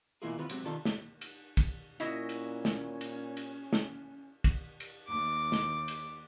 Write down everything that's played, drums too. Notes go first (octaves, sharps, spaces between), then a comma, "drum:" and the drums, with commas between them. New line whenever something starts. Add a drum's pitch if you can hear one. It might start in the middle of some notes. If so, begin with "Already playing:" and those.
B2 E3 A#3 E4 F4 G#4
D#2 C3 E3 B3 F4 B4
G#2 C3 F#3, drum: cymbal
B2 D#3 D4 F4 A4
drum: snare
drum: cymbal
drum: kick, cymbal
A#2 C#4 E4 F#4 D#5
drum: cymbal
drum: snare
drum: cymbal
drum: cymbal
drum: snare
drum: kick, cymbal
drum: cymbal
D#2 D6
drum: snare
drum: cymbal